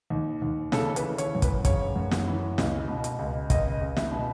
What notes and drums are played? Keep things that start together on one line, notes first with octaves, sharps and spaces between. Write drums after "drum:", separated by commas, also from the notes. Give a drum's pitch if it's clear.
D#2
D#2
C#3 A4, drum: snare
B4, drum: hi-hat
E3
C#5, drum: hi-hat
F#2
B4, drum: kick, hi-hat
C#3 C#5, drum: kick, hi-hat
F#2
drum: snare
E3
C#2, drum: snare
B2
drum: hi-hat
C#2
C#2 D#5, drum: kick, hi-hat
C#2
E5, drum: snare
B2